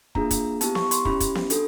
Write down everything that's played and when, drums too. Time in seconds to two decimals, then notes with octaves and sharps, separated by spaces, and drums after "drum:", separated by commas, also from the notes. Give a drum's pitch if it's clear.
0.15 A#3 D4 F4 G#4 A#5, drum: kick
0.31 drum: kick, hi-hat
0.61 B3 E4 G4 A5, drum: hi-hat
0.75 C#6, drum: snare B3
0.91 C6, drum: hi-hat
1.05 C#4 E4 G4 B5, drum: kick
1.20 drum: kick, hi-hat
1.35 drum: snare B3
1.50 D4 F#4 A4, drum: hi-hat